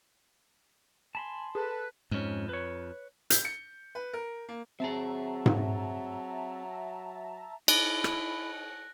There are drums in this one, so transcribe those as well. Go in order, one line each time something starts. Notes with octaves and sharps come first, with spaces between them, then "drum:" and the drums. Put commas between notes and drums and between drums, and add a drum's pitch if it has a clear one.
G#5 A5 B5 C6
G#4 A4 B4
F2 G#2 C#4
B4 C#5
G6, drum: hi-hat
C#7
B4
A#4
A#3
F#3 C4 G#4 E5 A5 A#5
drum: tom G#2
D#4 E4 B5 F#6 A#6, drum: cymbal
drum: rim click